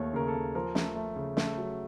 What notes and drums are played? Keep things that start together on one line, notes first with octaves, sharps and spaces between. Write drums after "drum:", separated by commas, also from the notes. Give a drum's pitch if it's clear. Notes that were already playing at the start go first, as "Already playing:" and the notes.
Already playing: D#2 A3 C#5
C#3 A#4
A4
D#2
F3 A#4
A3, drum: snare
A3
C#3
A3, drum: snare
F#3